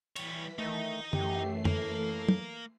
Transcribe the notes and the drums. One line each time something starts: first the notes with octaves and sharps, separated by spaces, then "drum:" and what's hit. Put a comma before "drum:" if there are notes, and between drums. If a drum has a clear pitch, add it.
E3 G3 C#5 B6, drum: cymbal
D#3 A3 D#4
F#2 E3 A3 G4 C7, drum: tom
A#3 A4, drum: tom F2
drum: tom